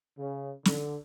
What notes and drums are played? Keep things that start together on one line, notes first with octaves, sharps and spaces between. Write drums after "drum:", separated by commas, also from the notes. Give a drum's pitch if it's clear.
C#3
D3, drum: snare